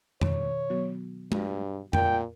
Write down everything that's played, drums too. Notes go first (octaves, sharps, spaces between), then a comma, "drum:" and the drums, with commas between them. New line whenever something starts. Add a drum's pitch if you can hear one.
B2 D#3 C#5, drum: tom F2
F#3 B3 F#4
G2 F#4, drum: tom G#3
A#2 A#4 G5, drum: tom F2